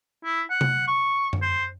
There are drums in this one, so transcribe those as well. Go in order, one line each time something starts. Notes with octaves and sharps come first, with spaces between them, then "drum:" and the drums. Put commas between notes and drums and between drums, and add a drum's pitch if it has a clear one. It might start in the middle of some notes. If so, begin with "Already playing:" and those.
E4
F#5
drum: tom C3
C#6
drum: tom F#2
C5